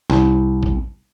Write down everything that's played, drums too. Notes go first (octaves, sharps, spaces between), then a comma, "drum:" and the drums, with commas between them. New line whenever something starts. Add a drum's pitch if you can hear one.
C2, drum: snare
drum: kick